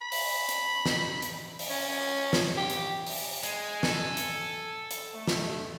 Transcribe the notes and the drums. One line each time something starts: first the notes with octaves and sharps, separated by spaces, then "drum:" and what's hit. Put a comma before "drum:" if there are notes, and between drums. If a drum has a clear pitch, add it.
B5
drum: open hi-hat
drum: hi-hat
drum: snare
drum: hi-hat
drum: open hi-hat
C#4
C#4
drum: snare
G4
drum: hi-hat
drum: open hi-hat
G#3 G#5, drum: hi-hat
A4, drum: snare
drum: hi-hat
drum: hi-hat
A3
drum: snare